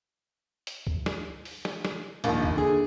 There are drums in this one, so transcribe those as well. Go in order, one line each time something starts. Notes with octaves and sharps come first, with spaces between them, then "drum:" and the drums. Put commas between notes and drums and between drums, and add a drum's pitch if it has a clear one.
drum: hi-hat
drum: kick C#2
drum: snare
drum: open hi-hat
drum: snare
drum: snare
A#1 D#2, drum: hi-hat
drum: kick C#2
D3 G#4